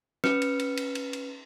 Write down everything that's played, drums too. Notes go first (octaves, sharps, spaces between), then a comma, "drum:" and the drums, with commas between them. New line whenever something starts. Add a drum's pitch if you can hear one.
C#4 B4 F6 C#7, drum: snare
drum: cymbal
drum: cymbal
drum: cymbal
drum: cymbal
drum: cymbal